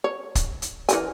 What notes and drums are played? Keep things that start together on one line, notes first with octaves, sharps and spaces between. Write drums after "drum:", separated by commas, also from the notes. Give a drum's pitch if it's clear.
C#5
drum: kick, hi-hat
drum: hi-hat
E3 A#4 G#5, drum: hi-hat